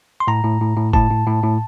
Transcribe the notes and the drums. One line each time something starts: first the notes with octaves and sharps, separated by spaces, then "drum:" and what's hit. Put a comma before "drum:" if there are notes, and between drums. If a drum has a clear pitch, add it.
C6
A2 A#5
A2
A2
A2
A2 A5, drum: kick G1
A2
A2
A2